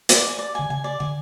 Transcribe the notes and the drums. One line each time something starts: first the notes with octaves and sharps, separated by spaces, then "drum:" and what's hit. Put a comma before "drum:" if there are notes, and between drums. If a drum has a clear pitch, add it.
D5, drum: hi-hat
G#5
D5
D3 G#5
C#3 G#5
D5
D3 G#5